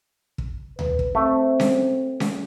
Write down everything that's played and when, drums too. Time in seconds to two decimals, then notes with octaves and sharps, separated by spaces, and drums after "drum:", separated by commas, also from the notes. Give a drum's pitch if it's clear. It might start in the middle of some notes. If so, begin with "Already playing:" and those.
0.38 drum: kick
0.79 B4, drum: tom D2
0.99 drum: kick
1.15 A3 C4
1.60 drum: snare C#4
2.20 drum: snare C#4